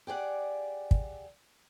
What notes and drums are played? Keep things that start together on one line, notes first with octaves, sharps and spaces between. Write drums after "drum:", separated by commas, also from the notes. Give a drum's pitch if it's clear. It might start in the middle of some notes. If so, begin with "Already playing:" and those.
G4 G#4 D5 F#5
drum: kick